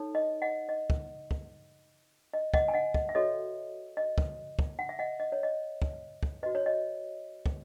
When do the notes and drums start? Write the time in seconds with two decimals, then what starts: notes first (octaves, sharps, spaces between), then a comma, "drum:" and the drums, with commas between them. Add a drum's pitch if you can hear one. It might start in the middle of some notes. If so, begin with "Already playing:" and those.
Already playing: D#4 A4 C#5
0.15 D#5
0.42 D#5 F#5
0.69 D#5
0.90 drum: kick
1.31 drum: kick
2.34 D#5
2.54 D#5 F#5, drum: kick
2.68 G#5
2.74 D#5 F#5
2.94 D#5, drum: kick
3.09 E5
3.15 F#4 A4 C#5 D#5
3.97 D#5
4.18 drum: kick
4.59 drum: kick
4.79 F#5
4.89 E5
4.99 D#5 F#5
5.20 D#5
5.32 C#5
5.43 D#5
5.82 drum: kick
6.23 drum: kick
6.43 F#4 B4 D#5
6.55 C#5
6.66 D#5
7.46 drum: kick